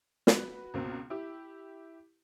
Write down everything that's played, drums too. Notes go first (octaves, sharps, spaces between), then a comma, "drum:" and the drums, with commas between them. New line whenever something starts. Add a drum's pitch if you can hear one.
F#4 B4, drum: snare
C#2 B2 A#3 C4
E4 G4